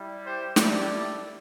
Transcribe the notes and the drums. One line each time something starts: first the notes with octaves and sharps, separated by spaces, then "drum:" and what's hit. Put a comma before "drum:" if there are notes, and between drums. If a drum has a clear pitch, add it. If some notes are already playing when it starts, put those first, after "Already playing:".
Already playing: G3 E4
G4 C5
G3 E4 G4 A4 D5, drum: snare